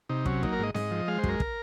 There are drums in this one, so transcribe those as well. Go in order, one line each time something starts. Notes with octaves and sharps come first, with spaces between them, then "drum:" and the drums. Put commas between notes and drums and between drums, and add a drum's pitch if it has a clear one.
C3 D#4
F#3 C#4, drum: kick
A#3 D#4, drum: kick
A#4
G#2 D#5
G#2 D#5, drum: snare C4
F3
G#3 F5
C5
F#2, drum: kick
A#4
drum: kick